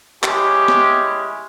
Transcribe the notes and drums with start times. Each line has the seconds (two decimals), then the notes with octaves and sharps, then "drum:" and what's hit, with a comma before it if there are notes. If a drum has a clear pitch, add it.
0.23 G#3 C#4 E4 G4, drum: clap
0.68 drum: snare